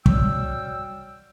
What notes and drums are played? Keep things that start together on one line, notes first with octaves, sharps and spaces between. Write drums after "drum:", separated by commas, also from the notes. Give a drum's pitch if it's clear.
F#3 G3 G5 E6, drum: kick